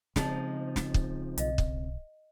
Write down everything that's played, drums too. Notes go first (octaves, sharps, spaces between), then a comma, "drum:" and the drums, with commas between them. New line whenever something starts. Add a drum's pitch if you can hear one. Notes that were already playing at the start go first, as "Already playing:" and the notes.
C#3 F3 G#3 C4 D#4, drum: snare
drum: snare
drum: kick
B1 D#5 F5, drum: hi-hat
drum: kick